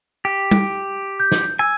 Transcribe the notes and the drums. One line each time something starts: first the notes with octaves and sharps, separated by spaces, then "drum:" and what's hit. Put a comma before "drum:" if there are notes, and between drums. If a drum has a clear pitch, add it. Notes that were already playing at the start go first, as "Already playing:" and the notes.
G4
drum: tom G3
G6
drum: snare
G#5 E6